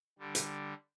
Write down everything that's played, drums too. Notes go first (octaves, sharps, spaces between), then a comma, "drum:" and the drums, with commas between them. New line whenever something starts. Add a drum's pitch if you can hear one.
D3 G3
drum: hi-hat